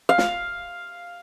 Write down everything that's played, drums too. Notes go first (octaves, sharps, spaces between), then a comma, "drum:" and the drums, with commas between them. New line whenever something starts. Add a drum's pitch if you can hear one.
F5
drum: snare